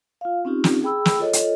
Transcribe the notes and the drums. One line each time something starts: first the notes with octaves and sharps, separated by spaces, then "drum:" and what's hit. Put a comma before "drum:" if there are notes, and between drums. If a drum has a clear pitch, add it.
F4 F5
C4 C#4 D#4 F4 G4
drum: snare
G#4 G5 B5 E6
drum: snare
F4 A4 C#5 D#5
drum: hi-hat